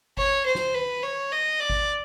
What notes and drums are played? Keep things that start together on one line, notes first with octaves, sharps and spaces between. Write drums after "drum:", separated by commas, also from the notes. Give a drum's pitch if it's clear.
C#5, drum: kick G#1
C5
drum: snare
B4
C#5
D#5
D5
drum: kick G#1